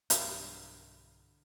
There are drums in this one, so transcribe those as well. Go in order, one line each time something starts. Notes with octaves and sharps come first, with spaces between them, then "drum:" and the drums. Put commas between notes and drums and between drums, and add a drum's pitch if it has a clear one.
B1 G2 D3 E3 G3 A#4, drum: hi-hat